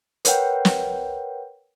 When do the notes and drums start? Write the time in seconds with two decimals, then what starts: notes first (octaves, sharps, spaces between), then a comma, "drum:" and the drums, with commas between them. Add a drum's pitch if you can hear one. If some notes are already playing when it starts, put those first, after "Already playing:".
0.25 A#4 B4 C#5 F#5 G5, drum: hi-hat
0.65 drum: snare